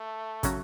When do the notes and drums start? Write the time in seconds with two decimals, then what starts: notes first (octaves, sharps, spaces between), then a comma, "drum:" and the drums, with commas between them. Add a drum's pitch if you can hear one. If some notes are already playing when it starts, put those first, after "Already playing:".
Already playing: A3
0.43 C#3 F#3 C#4 F#4, drum: kick, hi-hat